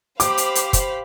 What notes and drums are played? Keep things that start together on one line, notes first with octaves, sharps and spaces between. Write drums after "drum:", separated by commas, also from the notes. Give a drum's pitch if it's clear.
G4 C5 F5 B5 D6, drum: hi-hat
drum: hi-hat
drum: hi-hat
drum: kick, hi-hat